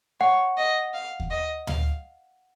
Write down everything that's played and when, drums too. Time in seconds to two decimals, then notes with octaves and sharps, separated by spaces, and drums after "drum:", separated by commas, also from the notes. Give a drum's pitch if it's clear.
0.20 C#5 F#5
0.57 D#5
0.94 F5
1.20 drum: kick D#2
1.30 D#5
1.67 F5, drum: tom D2